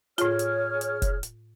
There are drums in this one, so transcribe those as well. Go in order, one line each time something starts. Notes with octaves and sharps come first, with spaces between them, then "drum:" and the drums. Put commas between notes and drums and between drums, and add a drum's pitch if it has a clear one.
A2 F4 G#4 C#5 F6, drum: hi-hat
drum: hi-hat
drum: hi-hat
drum: kick F1, hi-hat
drum: hi-hat